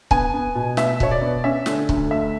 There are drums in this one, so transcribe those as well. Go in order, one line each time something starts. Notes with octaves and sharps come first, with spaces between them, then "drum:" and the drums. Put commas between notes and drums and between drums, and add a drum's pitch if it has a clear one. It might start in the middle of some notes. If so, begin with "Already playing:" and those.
B3 G#5, drum: kick C#1
B3
B2
B3 E5, drum: snare
B2 C#5, drum: kick C#1
D5
B3
C#4 E5
D3, drum: snare
D2, drum: kick C#1
A3 E5